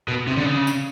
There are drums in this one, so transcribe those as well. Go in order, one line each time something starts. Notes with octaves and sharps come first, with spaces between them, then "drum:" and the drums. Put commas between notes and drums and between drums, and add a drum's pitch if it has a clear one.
B2
C3
D3, drum: tom C#3
C#3
drum: tambourine